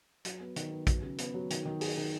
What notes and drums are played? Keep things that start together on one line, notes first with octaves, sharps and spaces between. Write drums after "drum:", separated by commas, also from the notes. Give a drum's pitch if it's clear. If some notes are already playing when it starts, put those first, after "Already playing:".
F#3, drum: hi-hat
B3
D#3, drum: hi-hat
B3
F#3, drum: kick, hi-hat
C#3
B3, drum: hi-hat
F#3
D#3, drum: hi-hat
D#3
G#4, drum: open hi-hat
D#3